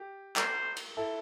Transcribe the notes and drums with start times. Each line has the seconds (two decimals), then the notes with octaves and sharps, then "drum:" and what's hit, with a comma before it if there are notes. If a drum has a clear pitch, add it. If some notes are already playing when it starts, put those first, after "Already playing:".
Already playing: G4
0.36 C5, drum: clap
0.77 drum: cymbal
0.97 E4 A4